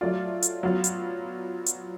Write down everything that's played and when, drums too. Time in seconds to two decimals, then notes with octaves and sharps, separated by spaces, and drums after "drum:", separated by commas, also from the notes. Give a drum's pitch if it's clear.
0.01 F#3 A3 F4 D5
0.42 drum: hi-hat
0.63 F#3 B3 F4
0.84 drum: hi-hat
1.66 drum: hi-hat